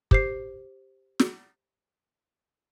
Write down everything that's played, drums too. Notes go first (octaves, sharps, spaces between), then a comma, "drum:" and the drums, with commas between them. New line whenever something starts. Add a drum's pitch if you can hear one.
G4 C5 C7, drum: kick
drum: snare